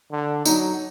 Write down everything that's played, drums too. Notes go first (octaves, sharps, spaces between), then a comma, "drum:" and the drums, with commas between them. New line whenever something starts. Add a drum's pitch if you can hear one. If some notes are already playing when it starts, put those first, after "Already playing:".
D3
F#3 D#4, drum: tambourine